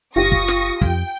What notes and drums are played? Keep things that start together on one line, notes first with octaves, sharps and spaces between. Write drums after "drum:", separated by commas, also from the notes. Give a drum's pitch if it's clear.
F#1 F4 G4 C#6 D#6 A#6
drum: kick
drum: snare
F2 G5, drum: kick